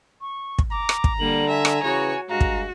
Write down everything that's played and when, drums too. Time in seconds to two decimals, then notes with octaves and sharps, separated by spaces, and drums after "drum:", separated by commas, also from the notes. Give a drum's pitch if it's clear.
0.21 C#6
0.59 drum: kick
0.71 A#5 D6
0.89 drum: rim click
1.04 drum: kick
1.19 D3 G3 A#3 F#7
1.49 E5 G#5
1.65 drum: rim click
1.83 C#3 E3 F#4 C#5
2.29 G2 G#3 F#4 F5 A#5
2.41 drum: kick